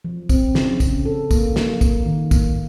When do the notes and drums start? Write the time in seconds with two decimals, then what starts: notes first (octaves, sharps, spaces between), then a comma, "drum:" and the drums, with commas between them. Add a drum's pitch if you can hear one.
0.05 F3
0.29 C4, drum: kick, tambourine
0.55 C#3, drum: snare
0.80 C#3, drum: kick, tambourine
1.05 A4
1.31 A#3, drum: kick, tambourine
1.56 A#3, drum: snare
1.81 A#3, drum: kick, tambourine
2.06 D#3
2.31 A#3, drum: kick, tambourine